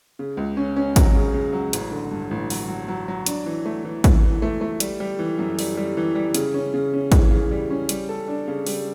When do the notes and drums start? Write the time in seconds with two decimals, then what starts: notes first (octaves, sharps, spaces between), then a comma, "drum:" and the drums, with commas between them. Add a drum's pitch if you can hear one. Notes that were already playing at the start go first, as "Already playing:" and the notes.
0.19 C#3
0.37 C#2
0.57 C#4
0.76 C#4
0.96 F#3, drum: kick, hi-hat
1.15 C#3
1.34 C#3
1.53 F#3
1.73 A1, drum: hi-hat
1.92 D3
2.11 G2
2.31 A1
2.50 F#3, drum: open hi-hat
2.69 F#3
2.88 F#3
3.08 F#3
3.26 D4, drum: hi-hat
3.46 E3
3.66 A3
3.84 E3
4.04 E3, drum: kick, hi-hat
4.23 E3
4.42 A3
4.61 A3
4.80 G3, drum: hi-hat
5.00 G3
5.19 E3
5.39 F#2
5.59 G3, drum: open hi-hat
5.77 G3
5.97 E3
6.15 G3
6.35 C#3, drum: hi-hat
6.54 C#4
6.74 C#3
6.93 C#4
7.12 E3, drum: kick, hi-hat
7.31 C#3
7.51 G3
7.70 C#4
7.89 G3, drum: hi-hat
8.09 A4
8.28 D4
8.48 C#3
8.66 G3, drum: open hi-hat